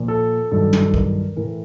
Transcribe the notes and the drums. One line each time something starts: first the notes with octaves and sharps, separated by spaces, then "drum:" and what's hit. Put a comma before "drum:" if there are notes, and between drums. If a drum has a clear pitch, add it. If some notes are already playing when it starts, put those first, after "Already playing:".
Already playing: A#2 F3
A4
G2 D#3 F#3 A4
drum: tom
A#4, drum: kick B1
A2 E3 A#4